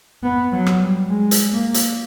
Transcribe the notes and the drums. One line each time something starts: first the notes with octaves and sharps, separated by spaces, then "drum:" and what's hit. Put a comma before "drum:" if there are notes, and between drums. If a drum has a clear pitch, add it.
B3
F#3
drum: rim click
G3
G#3
drum: hi-hat
A#3
drum: hi-hat